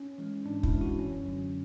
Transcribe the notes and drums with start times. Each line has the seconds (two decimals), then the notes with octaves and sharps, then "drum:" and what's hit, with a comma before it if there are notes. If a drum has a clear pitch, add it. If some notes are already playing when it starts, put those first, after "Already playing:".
Already playing: C#4
0.18 E3 G#3
0.45 G#2 D4
0.63 E4, drum: kick
0.72 E3 G#3
0.81 F#4
0.99 F#2 C#4
1.26 D3 F#3